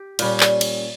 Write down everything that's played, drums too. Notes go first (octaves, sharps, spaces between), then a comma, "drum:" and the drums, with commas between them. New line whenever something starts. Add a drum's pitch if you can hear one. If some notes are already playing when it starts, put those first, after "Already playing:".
Already playing: G4
A#2 G3 C#4, drum: cymbal
drum: clap
drum: cymbal